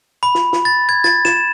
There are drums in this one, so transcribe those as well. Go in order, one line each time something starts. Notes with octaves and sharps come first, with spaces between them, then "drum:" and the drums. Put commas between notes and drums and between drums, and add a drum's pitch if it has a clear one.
B5
drum: snare
drum: snare
A6
G#6
A6, drum: snare
E7, drum: snare